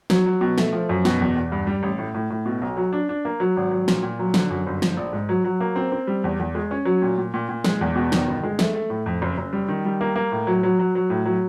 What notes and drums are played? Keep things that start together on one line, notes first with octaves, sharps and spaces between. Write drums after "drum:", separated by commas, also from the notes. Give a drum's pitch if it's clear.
F#3, drum: snare
F#3
B2
A3, drum: snare
F3
F#2
B2, drum: snare
E2
E2
G2
G3
A1
A2
A2
A2
B2
B1
F#3
D4
D4
A#3
F#3
G#1
F#3
A#2, drum: snare
A#2
F#3
D3, drum: snare
F#2
G1
F3, drum: snare
A#1
G#2
F#3
F#3
A#3
C4
C4
G3
E2
E2
G#3
C#4
F#3
A#2
A#2
A#2
A#2
G#3, drum: snare
E2
B2
D#3, drum: snare
G1
G#3
A3, drum: snare
A3
A2
F2
F#1
F#1
G3
D#3
G3
A#3
A#3
A2
F#3
F#3
F#3
F#3
A2
F#3